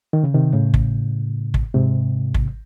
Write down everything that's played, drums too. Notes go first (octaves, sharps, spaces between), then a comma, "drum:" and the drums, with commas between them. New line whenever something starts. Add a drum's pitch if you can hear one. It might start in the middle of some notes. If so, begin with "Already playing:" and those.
D#3
C#3
C3 D#3
A2 C#3
drum: kick
drum: kick
G#2 C3
drum: kick